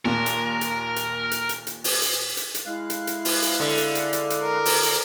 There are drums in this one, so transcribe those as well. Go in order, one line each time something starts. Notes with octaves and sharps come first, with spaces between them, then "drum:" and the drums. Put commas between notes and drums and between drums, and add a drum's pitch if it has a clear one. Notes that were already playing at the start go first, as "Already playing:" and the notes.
D#2 A#2 A#4
drum: hi-hat
drum: hi-hat
drum: hi-hat
drum: hi-hat
drum: hi-hat
drum: hi-hat
drum: open hi-hat
drum: hi-hat
drum: hi-hat
drum: hi-hat
G#3 E4 F5 F#6
drum: hi-hat
drum: hi-hat
drum: open hi-hat
drum: hi-hat
D3
drum: hi-hat
drum: hi-hat
drum: hi-hat
drum: hi-hat
A#4
drum: open hi-hat
drum: hi-hat